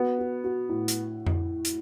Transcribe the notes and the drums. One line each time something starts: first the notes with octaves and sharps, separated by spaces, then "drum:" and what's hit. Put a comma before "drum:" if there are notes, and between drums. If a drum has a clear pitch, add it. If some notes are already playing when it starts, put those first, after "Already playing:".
Already playing: B3 F#4
F#4
F#4
A2
drum: hi-hat
drum: tom F2
drum: hi-hat